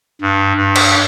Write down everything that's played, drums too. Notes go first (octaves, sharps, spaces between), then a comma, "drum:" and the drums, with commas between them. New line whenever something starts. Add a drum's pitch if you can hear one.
G2
G2
drum: cymbal